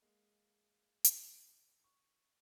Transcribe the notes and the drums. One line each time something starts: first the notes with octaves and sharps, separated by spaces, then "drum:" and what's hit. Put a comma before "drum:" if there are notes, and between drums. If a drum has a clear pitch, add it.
G#3 A#3
drum: hi-hat
C#6